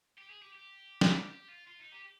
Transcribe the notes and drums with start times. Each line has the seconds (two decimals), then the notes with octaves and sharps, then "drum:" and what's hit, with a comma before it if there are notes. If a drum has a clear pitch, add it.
0.18 G4
0.30 G#4
0.42 G4
0.55 G4
1.01 drum: snare
1.30 G4
1.49 F4
1.67 F4
1.80 D#4
1.92 G4